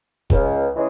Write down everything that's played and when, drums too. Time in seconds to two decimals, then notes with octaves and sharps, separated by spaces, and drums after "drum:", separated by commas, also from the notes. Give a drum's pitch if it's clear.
0.30 C#2, drum: kick
0.73 C#3 E3 G#3